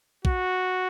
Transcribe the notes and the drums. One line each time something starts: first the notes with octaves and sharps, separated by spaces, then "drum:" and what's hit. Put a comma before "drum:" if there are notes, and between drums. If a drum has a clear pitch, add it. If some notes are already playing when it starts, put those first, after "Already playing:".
F#4, drum: kick